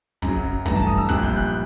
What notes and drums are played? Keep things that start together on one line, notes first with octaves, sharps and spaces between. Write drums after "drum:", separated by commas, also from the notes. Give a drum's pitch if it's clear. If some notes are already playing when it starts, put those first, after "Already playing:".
F#2 C#3 F#3 A#5, drum: kick
G2 E3 A3 D4 A#5, drum: kick
A5
D#6
E6
A#1 A#2 G3 A#3 F#6, drum: kick
G6
F#6